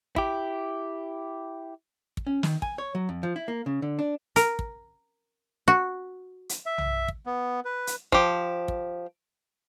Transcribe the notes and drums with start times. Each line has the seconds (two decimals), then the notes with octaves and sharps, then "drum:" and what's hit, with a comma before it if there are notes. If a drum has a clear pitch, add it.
0.16 E4 G4, drum: kick
2.17 drum: kick
2.27 C#4
2.43 D#3, drum: snare
2.62 G#5, drum: kick
2.78 C#5
2.95 F#3
3.09 F2
3.23 F3
3.36 E4
3.48 A#3
3.66 C#3
3.82 D3
3.99 D4
4.36 A#4, drum: hi-hat
4.59 drum: kick
5.68 F#4
6.49 drum: hi-hat
6.66 E5
6.78 drum: tom
7.08 drum: kick
7.26 B3
7.65 B4
7.87 drum: hi-hat
8.12 F3 G4, drum: kick
8.68 drum: kick